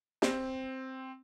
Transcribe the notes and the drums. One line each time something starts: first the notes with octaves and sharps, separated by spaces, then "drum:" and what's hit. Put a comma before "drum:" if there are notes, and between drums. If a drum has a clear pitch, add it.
C4, drum: snare